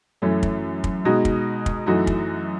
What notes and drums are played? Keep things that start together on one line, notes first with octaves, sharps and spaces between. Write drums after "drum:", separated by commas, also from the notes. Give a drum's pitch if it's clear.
F#2 E3 A3 C#4
drum: kick
drum: kick
B2 G#3 D#4 F#4
drum: kick
drum: kick
F#2 E3 A3 D#4 F#4
drum: kick